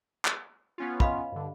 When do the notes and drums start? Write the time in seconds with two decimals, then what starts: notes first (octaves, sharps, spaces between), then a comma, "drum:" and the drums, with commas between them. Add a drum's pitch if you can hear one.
0.25 drum: clap
0.78 B3 C#4 F4
1.00 D#5 F5 B5, drum: kick
1.32 G2 D3